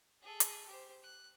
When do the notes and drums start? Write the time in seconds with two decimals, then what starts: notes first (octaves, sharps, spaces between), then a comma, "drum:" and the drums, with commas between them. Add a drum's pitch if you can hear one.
0.22 G#4 A4
0.40 drum: hi-hat
0.68 G4 C5
1.03 F#6